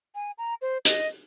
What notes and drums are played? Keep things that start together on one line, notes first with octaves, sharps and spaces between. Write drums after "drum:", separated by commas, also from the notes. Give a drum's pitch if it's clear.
G#5
A#5
C5
D#5, drum: hi-hat